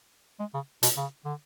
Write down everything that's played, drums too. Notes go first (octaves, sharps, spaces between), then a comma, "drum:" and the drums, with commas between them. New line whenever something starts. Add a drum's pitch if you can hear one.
G#3
C#3
B2, drum: hi-hat
C#3
D3